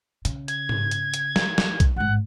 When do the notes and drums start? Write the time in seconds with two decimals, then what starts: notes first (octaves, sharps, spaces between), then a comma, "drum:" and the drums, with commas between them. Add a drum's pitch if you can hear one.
0.25 C#3, drum: hi-hat
0.48 G#6, drum: hi-hat
0.69 drum: tom G#2
0.91 drum: hi-hat
1.14 drum: hi-hat
1.36 drum: snare
1.58 drum: snare
1.80 drum: kick B1, hi-hat
1.96 A1 G#2 F#5